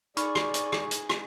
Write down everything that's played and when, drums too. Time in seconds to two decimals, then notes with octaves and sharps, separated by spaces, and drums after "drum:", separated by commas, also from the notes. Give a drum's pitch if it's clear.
0.17 D#4 G#4 D5 B5 C#6 F6, drum: hi-hat
0.35 drum: rim click
0.54 drum: hi-hat
0.72 drum: rim click
0.91 drum: hi-hat
1.09 drum: rim click